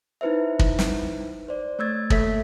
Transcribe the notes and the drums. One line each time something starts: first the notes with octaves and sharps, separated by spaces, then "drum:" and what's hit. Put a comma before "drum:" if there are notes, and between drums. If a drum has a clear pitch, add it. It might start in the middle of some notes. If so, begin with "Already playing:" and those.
D#4 E4 B4 C5 E5
drum: kick
drum: snare
C5 D5
A3 C#5 E6 G#6 A6
A3 A#3 A4 C#5 E5 B6, drum: kick